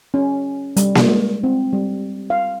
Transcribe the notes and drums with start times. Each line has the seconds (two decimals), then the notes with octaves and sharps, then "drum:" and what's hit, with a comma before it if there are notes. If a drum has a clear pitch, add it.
0.14 C#4
0.77 G3, drum: hi-hat
0.95 drum: snare A#3
1.08 G#3
1.44 C4
1.73 G3
2.30 F5